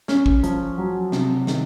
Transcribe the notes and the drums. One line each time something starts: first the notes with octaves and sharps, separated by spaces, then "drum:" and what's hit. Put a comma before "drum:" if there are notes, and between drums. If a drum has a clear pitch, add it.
C#4, drum: snare
drum: kick
F3, drum: hi-hat
F#3
C3, drum: snare
D#3, drum: snare